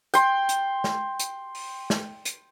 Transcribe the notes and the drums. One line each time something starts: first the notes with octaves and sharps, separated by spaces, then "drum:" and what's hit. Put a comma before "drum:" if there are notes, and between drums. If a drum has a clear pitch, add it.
G5 C6, drum: hi-hat
drum: hi-hat
drum: snare
drum: hi-hat
drum: open hi-hat
drum: snare
drum: hi-hat